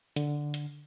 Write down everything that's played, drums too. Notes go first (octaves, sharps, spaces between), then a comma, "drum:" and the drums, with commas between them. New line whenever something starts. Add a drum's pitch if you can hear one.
D3, drum: hi-hat
drum: hi-hat